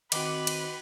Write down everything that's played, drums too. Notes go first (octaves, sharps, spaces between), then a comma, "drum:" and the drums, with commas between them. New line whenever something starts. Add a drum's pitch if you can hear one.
D#3 C4 F#4 B4 D#5 F#5 G5 D6, drum: cymbal
drum: cymbal